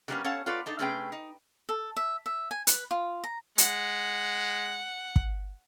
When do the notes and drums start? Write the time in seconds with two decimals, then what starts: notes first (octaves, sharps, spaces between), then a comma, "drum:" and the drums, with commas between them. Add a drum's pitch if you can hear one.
0.08 D3 F#3 G3 A#3 B3 C#4
0.24 C#4 A4 C#5 F5 F#5 A5
0.46 F4 A4 B4 C#5 D5
0.66 D4 D#4 A4
0.79 C3 A3 C#4 G#4 B4 G5
1.12 D#4
1.69 A4
1.96 E5
2.26 E5
2.51 G#5
2.67 B4, drum: hi-hat
2.91 F4
3.24 A#5
3.58 G#3 F#5, drum: hi-hat
5.16 drum: kick